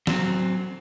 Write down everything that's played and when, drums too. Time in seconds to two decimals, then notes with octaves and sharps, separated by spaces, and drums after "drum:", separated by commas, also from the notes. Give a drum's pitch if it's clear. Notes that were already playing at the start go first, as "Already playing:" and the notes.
0.07 F#3 C4, drum: snare